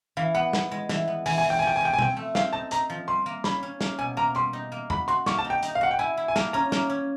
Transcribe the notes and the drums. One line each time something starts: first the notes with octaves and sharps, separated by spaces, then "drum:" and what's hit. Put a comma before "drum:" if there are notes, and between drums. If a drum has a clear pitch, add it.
E3 F5
B3 F#5
B3, drum: snare
G#3
E3, drum: snare
B3
E3 G#5, drum: open hi-hat
G#5
E3
G5
F3 G#5
G5
G#5
F3 G5
G#5
C4 G5, drum: tom B2
A3
C4 F5, drum: snare
D#4 A5
D#4 A#5, drum: hi-hat
F3
G3 C6
A#3
C#4 B5, drum: snare
C#4
A#3, drum: snare
B2 G#5
A#3 A#5
G3 C6
D#4
A#3
F#4 B5, drum: tom E2
F#4 C6
A#3 C#6, drum: snare
A5
D#4
G5
D#4, drum: hi-hat
F5
F#4 F#5
G5
E4 G#5
E4
G#5
A#3 A5, drum: snare
C#4 A#5
A#3, drum: snare
C#4